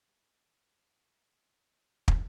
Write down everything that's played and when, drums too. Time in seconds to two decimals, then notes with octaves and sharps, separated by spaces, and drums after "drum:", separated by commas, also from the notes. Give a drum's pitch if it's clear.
0.18 F4
1.08 C6
1.22 D5
1.41 F4
2.08 drum: kick